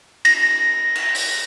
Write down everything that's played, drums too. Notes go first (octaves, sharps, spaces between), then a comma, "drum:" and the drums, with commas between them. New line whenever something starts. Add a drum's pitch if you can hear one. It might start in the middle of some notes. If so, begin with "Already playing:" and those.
A#6, drum: cymbal
drum: cymbal
drum: open hi-hat